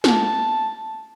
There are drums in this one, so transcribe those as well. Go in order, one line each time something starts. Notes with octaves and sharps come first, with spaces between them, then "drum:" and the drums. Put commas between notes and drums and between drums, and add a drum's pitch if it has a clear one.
A5, drum: snare